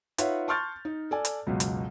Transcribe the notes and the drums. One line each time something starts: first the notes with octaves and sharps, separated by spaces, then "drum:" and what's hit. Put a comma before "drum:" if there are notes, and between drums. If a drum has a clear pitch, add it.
D#4 F4 B4 C#5 E5 F#5, drum: hi-hat
A5 C6 C#6 F6 G6 A6
D#4
A4 D5 G#5
drum: hi-hat
C#2 F#2 B2
drum: hi-hat